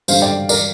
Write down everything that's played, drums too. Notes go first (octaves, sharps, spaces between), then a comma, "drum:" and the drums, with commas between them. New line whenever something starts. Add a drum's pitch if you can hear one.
G2 D3 G3 C5 F5, drum: tambourine
D5 G5
A#4 D5, drum: tambourine